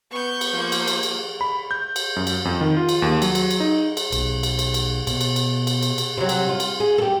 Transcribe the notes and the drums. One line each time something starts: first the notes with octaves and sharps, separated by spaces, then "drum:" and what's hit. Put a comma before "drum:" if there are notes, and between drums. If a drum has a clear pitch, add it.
B3 C#6 G6
drum: cymbal
F3 A#3
drum: cymbal
drum: cymbal
drum: cymbal
B5
G6
drum: cymbal
F#2
drum: cymbal
F2
D#3
F4
drum: cymbal
D#2
F#3, drum: cymbal
drum: cymbal
drum: cymbal
D#4
drum: cymbal
B1, drum: cymbal
drum: cymbal
drum: cymbal
drum: cymbal
B2, drum: cymbal
drum: cymbal
drum: cymbal
drum: cymbal
drum: cymbal
drum: cymbal
C3 F#3
drum: cymbal
F4
drum: cymbal
G#4
G4 A4